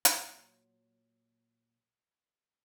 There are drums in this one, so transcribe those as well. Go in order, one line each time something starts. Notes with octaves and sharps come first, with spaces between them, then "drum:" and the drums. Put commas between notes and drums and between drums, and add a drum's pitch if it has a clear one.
A#2 F#3, drum: hi-hat